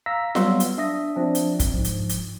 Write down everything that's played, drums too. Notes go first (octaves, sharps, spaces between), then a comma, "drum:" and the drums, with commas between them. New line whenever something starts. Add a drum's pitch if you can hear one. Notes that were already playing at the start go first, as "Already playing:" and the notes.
F5 A#5 E6 A#6 B6
F#3 G3 B3 F5 C6 E6, drum: snare F4
drum: hi-hat
D4 E5 D#6 A#6
F3 C4 D4
drum: hi-hat
drum: kick, hi-hat
G#2 F3
drum: hi-hat
drum: hi-hat